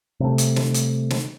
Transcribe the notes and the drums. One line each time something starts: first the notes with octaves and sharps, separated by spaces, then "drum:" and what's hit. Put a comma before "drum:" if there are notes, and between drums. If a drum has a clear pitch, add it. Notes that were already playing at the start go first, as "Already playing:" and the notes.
C3 G3 A3
drum: hi-hat
drum: snare
drum: hi-hat
drum: snare